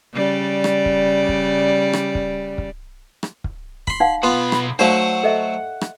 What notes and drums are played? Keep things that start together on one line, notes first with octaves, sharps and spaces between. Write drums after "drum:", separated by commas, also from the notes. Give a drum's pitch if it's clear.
C#3 G3 D5
drum: rim click
drum: kick
drum: kick
drum: rim click
drum: kick
drum: kick
drum: rim click
drum: kick
B5 C6, drum: kick
D#4 F5 F#5
B1 B3 F4 B5 C6
drum: rim click
F#3 A3 D#4 C5 D5 F5 F#5
A4 D#5 E5
drum: rim click